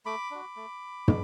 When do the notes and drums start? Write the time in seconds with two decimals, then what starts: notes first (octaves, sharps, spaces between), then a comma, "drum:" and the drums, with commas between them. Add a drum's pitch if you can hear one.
0.06 A3 B5 D6
0.31 D4 F#4
0.56 A3
1.08 drum: tom